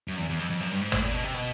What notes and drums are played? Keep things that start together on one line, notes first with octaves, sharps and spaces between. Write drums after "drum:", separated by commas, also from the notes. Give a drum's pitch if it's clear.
F#2
E2
E2
F2
F2
F#2
G2
G#2
A2, drum: tom G#1
A#2
B2
C3
B2